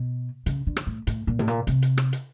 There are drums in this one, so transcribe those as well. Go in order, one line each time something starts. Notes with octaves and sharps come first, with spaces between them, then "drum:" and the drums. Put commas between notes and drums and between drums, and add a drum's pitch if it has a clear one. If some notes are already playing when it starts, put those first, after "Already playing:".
Already playing: B2
C#3, drum: hi-hat
D3
drum: rim click
A2
A2, drum: hi-hat
A#2
A2, drum: tom C3
A#2
C3, drum: hi-hat
drum: hi-hat
drum: rim click
drum: hi-hat